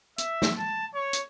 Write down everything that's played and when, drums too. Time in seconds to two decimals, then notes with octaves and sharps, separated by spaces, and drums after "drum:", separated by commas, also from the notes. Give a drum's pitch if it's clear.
0.18 E5, drum: hi-hat
0.42 drum: snare
0.57 A5
0.94 C#5
1.13 drum: hi-hat